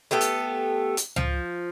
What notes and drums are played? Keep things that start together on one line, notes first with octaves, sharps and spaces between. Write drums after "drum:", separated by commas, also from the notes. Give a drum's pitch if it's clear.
A3 B3 G4 A4
drum: hi-hat
drum: hi-hat
F3, drum: tom C#2